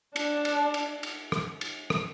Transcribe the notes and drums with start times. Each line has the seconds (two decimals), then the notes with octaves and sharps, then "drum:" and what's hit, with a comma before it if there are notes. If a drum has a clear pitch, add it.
0.16 D4, drum: cymbal
0.45 drum: cymbal
0.74 drum: cymbal
1.03 drum: cymbal
1.32 drum: rim click
1.61 drum: cymbal
1.90 drum: rim click